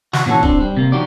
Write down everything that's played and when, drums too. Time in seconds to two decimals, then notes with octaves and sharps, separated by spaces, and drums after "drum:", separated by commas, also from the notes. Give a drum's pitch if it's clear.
0.13 F#4, drum: snare
0.26 A#2 E3 C#4 F#4 A4
0.43 C4 D4, drum: kick
0.60 G3
0.77 C3 A#3
0.92 F3 D#4 F#4 G4 D5